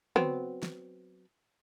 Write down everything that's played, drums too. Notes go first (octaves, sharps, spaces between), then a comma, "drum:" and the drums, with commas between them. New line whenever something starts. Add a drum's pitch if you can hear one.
F#3 B3 C4, drum: tom
drum: snare